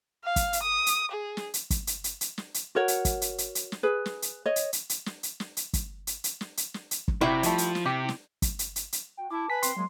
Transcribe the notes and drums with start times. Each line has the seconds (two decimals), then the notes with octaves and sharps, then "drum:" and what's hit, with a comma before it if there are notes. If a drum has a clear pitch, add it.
0.24 F5
0.36 drum: kick, hi-hat
0.53 drum: hi-hat
0.63 D#6
0.86 drum: hi-hat
1.12 G#4
1.37 drum: snare
1.54 drum: hi-hat
1.70 drum: kick, hi-hat
1.87 drum: hi-hat
2.04 drum: hi-hat
2.21 drum: hi-hat
2.38 drum: snare
2.54 drum: hi-hat
2.75 F#4 A#4 C#5 F#5
2.88 drum: hi-hat
3.05 drum: kick, hi-hat
3.22 drum: hi-hat
3.38 drum: hi-hat
3.55 drum: hi-hat
3.72 drum: snare
3.83 G#4 B4
4.06 drum: snare
4.22 drum: hi-hat
4.46 C#5 D#5
4.56 drum: hi-hat
4.73 drum: hi-hat
4.89 drum: hi-hat
5.06 drum: snare
5.23 drum: hi-hat
5.40 drum: snare
5.57 drum: hi-hat
5.73 drum: kick, hi-hat
6.07 drum: hi-hat
6.24 drum: hi-hat
6.41 drum: snare
6.57 drum: hi-hat
6.74 drum: snare
6.91 drum: hi-hat
7.08 drum: kick
7.21 C3 E4 F#4 G4
7.43 F3 G3 A3, drum: hi-hat
7.58 drum: hi-hat
7.75 drum: snare
7.86 C3 G4
8.09 drum: snare
8.42 drum: kick, hi-hat
8.59 drum: hi-hat
8.76 drum: hi-hat
8.93 drum: hi-hat
9.17 F#4 G5
9.31 E4 A5 D6
9.50 B4 G#5 B6
9.63 C4 G5 C6, drum: hi-hat
9.76 F#3 G#3 A#3